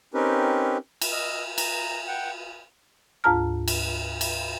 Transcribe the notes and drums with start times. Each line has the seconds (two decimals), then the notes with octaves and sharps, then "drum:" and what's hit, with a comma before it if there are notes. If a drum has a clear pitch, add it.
0.14 C4 C#4 D#4 G4 A#4 B4
1.01 drum: cymbal
1.12 D#5 E6 F6
1.58 A#5, drum: cymbal
2.08 F#5 G5
3.24 D2 G#2 F4 A5 A#5 F6
3.68 drum: cymbal
4.21 drum: cymbal